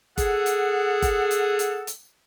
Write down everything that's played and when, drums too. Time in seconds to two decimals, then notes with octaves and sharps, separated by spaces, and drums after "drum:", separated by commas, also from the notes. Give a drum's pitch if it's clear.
0.18 G#4 A4 F#5, drum: kick G1, hi-hat
0.46 drum: hi-hat
1.02 drum: kick G1, hi-hat
1.31 drum: hi-hat
1.59 drum: hi-hat
1.87 drum: hi-hat